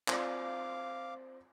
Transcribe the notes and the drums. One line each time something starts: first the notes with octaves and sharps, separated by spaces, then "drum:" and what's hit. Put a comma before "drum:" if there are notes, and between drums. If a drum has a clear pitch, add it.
C4 F4 D5 F5 D6, drum: clap